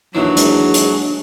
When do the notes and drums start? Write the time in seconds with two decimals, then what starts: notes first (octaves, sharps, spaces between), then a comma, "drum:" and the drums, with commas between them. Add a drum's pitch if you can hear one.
0.15 D#2 E3 F#3 D4
0.37 G#3, drum: hi-hat
0.74 drum: hi-hat